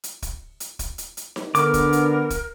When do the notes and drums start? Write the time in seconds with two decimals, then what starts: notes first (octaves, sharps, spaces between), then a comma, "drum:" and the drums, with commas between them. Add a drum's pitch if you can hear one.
0.04 drum: hi-hat
0.22 drum: kick, hi-hat
0.60 drum: hi-hat
0.79 drum: kick, hi-hat
0.98 drum: hi-hat
1.17 drum: hi-hat
1.36 drum: snare D#4
1.55 D3 B3 A#4 D6, drum: hi-hat
1.74 drum: kick, hi-hat
1.93 drum: hi-hat
2.30 drum: kick, hi-hat